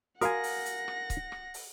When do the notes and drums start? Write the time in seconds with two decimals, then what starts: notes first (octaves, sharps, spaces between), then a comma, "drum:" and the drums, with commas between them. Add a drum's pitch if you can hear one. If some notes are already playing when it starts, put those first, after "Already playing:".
0.21 F#4 A#4 F5 F#5 G#5 D#6 A#6, drum: hi-hat
0.44 drum: open hi-hat
0.66 drum: hi-hat
0.88 drum: rim click
1.10 drum: kick C#1, hi-hat
1.32 drum: rim click
1.54 drum: open hi-hat